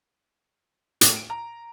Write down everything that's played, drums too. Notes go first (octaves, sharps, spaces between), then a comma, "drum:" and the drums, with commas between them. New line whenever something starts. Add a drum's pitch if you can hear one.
A2, drum: hi-hat
D7
A#5